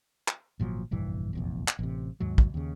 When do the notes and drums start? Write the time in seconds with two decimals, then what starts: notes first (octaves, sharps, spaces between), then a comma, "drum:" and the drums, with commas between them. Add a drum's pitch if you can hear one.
0.28 drum: clap
0.60 G#1 A#2 F3 F#3
0.91 F1 A#1 G2 E3
1.33 F1 A#1 E2
1.68 drum: clap
1.79 A1 C3
2.20 D#2 G#2 F#3
2.38 drum: kick
2.54 D#2 C#3